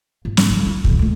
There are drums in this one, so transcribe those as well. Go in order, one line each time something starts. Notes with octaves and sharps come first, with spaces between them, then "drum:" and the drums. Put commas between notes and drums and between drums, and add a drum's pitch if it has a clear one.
G#2
drum: snare
D3 G3
F4
B1 E3, drum: kick
D2 G#3